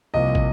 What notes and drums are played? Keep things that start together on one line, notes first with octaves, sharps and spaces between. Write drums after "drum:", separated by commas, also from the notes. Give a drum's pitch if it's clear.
C2 C3 F3 A#3 D#5
drum: kick